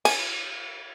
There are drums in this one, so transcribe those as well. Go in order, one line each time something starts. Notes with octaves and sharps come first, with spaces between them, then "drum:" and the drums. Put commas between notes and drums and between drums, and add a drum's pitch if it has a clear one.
G#5, drum: cymbal